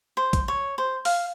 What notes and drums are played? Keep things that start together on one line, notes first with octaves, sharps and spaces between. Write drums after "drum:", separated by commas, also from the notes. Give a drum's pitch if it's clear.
C5
drum: kick, hi-hat
C#5
C5
F5, drum: open hi-hat